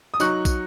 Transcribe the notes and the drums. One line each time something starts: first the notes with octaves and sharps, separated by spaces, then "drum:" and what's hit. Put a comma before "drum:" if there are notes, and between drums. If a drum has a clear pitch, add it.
D#6
F#3 D#4 C#6 F#6, drum: tambourine
drum: kick, tambourine